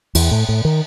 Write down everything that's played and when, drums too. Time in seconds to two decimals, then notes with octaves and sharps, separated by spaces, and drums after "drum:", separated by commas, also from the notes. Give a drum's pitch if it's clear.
0.15 E2, drum: cymbal
0.31 A2
0.49 A2
0.65 D#3